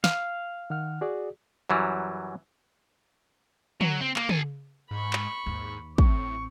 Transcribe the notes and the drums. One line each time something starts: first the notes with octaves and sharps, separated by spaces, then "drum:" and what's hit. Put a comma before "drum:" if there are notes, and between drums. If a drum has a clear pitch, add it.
F5, drum: snare
D#3 F#5 F6
F#4 G#4 D5
F#2 E3 F#3 G3
F#3, drum: tom
C4
A#3, drum: clap
A4 G#5, drum: tom
G#2 B5 C#6
drum: clap
D#2 G#2
A1 A2 C4 C#6, drum: kick